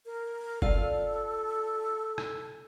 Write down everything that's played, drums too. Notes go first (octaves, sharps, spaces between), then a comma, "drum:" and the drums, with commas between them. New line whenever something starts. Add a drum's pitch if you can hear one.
A#4
F4 A4 D5 F5, drum: kick F1
drum: rim click